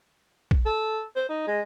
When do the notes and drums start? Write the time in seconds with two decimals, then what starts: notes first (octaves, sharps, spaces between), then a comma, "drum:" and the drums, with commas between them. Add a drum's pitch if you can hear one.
0.51 drum: kick A#1
0.66 A4
1.16 C5
1.29 D#4
1.47 G#3